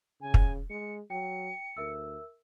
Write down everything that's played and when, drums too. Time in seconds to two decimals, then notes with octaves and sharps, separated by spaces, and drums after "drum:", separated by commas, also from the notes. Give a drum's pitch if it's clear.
0.21 C#3 G#5
0.34 drum: kick
0.70 G#3 C#7
1.10 F#3 G5 C#7
1.77 D2 A#4 E5 E6